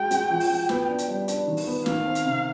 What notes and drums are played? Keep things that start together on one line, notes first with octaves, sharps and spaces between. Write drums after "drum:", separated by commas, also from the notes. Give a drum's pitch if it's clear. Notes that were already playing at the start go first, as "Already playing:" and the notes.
Already playing: G#3 F#4 G5
G#3, drum: hi-hat
F3
drum: open hi-hat
F3
B3, drum: snare
D4
drum: hi-hat
G3
D4, drum: hi-hat
D#3
drum: open hi-hat
B3
D#3 F5, drum: snare
C4
drum: hi-hat
C3